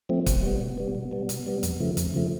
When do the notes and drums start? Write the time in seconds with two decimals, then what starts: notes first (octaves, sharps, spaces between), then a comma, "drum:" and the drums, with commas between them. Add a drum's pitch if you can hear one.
0.09 F3 A3 C4
0.26 B2, drum: kick, hi-hat
0.43 G3 B3
0.60 B2
0.78 G3 B3
0.95 B2
1.11 G3 B3
1.29 B2, drum: hi-hat
1.46 G3 B3
1.63 F2, drum: hi-hat
1.80 C#3 F3 A3
1.97 F2, drum: hi-hat
2.14 C#3 F3 A3